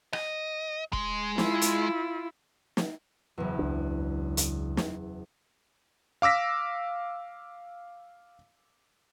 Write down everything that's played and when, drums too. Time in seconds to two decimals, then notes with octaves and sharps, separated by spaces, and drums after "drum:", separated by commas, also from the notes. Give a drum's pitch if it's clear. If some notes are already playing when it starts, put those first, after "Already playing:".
0.13 D#5, drum: rim click
0.93 G#3, drum: kick E1
1.38 E4 F4, drum: snare
1.62 drum: hi-hat
2.77 drum: snare
3.38 F#1 E2
3.59 C#2 D4
4.37 drum: hi-hat
4.77 drum: snare
6.22 F5 D6 E6 A#6 B6